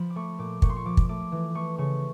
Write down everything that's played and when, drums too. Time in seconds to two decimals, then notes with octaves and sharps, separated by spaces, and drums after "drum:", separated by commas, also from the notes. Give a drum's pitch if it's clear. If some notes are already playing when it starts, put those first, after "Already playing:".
Already playing: F3 B5
0.10 D6
0.15 A3 C#6
0.39 A#2 D6
0.62 A#2 C#6, drum: kick
0.69 C6
0.76 C#6
0.85 F3 D6
0.97 drum: kick
1.09 A3 D6
1.32 E3
1.55 A3 C#6
1.78 C#3 C#6